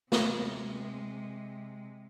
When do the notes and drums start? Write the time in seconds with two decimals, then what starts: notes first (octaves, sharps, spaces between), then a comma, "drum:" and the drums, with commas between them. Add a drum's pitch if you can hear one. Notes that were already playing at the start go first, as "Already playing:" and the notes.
0.12 C3 G#3, drum: snare